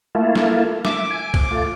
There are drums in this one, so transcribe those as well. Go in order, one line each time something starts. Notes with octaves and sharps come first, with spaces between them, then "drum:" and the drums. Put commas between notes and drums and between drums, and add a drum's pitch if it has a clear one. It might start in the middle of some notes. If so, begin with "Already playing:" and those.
A3 A#3 E4 F4
drum: snare
E5 D6, drum: snare
G#5
drum: kick C2, cymbal
A3 F4